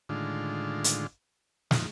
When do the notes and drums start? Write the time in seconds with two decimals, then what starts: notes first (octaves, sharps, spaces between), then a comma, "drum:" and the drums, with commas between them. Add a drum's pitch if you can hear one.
0.09 A2 D3 D#3 G#3 D4 F4
0.84 drum: hi-hat
1.71 F2 A#2 D#3 F3, drum: snare